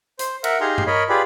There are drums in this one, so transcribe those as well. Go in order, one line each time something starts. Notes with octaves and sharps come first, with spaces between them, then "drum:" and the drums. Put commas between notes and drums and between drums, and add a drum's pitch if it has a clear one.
C5, drum: hi-hat
A#4 E5 F#5, drum: cymbal
D#4 G4 G#4 F5 A#5 C6
drum: tom G2
A#4 C#5 D#5 B5
F4 G4 G#4 B4 D5 B5